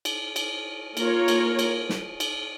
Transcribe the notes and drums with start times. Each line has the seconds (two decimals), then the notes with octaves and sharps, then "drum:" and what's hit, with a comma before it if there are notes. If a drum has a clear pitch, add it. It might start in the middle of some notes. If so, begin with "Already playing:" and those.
0.05 drum: cymbal
0.36 drum: cymbal
0.97 A#3 F4 A#4 C#5, drum: cymbal
1.28 drum: cymbal
1.59 drum: cymbal
1.89 drum: snare
2.20 drum: cymbal